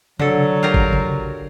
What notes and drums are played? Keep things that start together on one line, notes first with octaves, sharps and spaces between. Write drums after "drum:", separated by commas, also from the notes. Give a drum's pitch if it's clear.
D3 F#3 A4, drum: tom C3
F4 G4 A#4
drum: kick
drum: tom C3